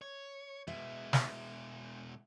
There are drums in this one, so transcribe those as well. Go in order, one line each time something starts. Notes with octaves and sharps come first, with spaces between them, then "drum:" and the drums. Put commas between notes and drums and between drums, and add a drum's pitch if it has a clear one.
C#5
B2 G#3 E5
drum: snare